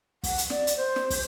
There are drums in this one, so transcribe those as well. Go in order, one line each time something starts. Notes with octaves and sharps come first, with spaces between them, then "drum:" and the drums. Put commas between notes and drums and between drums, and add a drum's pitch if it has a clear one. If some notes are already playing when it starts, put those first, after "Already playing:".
F#5, drum: kick, open hi-hat
drum: hi-hat
D5, drum: snare
drum: hi-hat
C5
drum: snare
drum: kick, open hi-hat